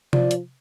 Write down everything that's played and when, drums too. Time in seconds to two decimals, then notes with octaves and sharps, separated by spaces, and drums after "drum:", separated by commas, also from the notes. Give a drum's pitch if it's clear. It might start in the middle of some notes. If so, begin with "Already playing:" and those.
0.13 F3 D5, drum: tom C3
0.31 drum: hi-hat